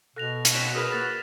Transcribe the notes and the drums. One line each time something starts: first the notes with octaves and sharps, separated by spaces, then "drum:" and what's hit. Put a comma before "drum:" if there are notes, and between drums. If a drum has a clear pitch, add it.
B2 A4 F#6 A#6 F7
drum: hi-hat
C4 C#4 F#4 B6 E7
F#4 G#4 A#4 B4 D#6 F6
A#3 F4 A#4 A6